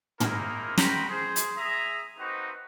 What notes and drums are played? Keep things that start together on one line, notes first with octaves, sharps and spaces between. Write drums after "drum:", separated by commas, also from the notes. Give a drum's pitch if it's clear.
A#3 D#4 E4 G#4 A#4 C5, drum: tom
D#4 F#4 A#4 G5 B5 C6, drum: snare
G#4 C5
drum: hi-hat
G#4 E5 A#5 D#6
A#3 C4 D#4 F#4 B4 C5